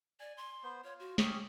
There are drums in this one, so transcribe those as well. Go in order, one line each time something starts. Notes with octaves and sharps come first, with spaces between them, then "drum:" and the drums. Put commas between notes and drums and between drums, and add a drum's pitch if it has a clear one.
D5 G#5
C6
B3 C5
F4 C#5
F#4
C#4 G4 G#4 D#6, drum: snare